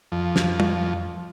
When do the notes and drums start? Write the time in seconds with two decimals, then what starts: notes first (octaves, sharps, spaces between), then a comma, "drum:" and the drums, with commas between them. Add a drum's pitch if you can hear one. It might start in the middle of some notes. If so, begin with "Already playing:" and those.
0.12 F2
0.36 drum: snare
0.60 drum: tom